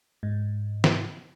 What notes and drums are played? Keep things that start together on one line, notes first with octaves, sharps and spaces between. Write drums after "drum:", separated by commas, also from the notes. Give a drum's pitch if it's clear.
G#2
drum: snare